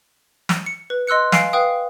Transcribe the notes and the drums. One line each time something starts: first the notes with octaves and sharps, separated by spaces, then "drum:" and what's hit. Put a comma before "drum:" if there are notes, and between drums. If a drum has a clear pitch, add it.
drum: snare
C#7
B4
D#5 C6 E6 F#6 C#7
F5 G#5 C7 D7, drum: snare
B4 F5 G5 D#6